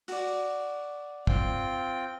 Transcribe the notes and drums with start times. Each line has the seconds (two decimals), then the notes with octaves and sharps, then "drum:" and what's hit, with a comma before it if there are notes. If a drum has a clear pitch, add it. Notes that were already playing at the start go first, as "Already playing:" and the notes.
0.08 F#4 D5, drum: open hi-hat
1.27 C4 F4 G5, drum: kick